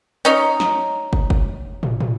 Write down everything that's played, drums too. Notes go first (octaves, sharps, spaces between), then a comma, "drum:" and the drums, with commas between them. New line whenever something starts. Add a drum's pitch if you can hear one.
C#4 D#4
drum: snare
drum: kick
drum: kick
drum: tom
drum: tom